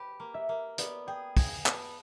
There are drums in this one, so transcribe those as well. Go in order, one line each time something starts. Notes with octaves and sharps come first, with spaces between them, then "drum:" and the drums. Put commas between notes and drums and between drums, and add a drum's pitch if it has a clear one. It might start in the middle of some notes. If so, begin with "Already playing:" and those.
Already playing: G4 B4
A#3
E5
A#3
B3 D5, drum: hi-hat
G#4 G5
G#4 G#5, drum: kick, open hi-hat
B3 A5, drum: clap